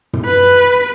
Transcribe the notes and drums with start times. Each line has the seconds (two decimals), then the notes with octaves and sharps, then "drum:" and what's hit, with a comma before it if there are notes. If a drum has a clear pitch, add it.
0.13 drum: tom
0.25 B4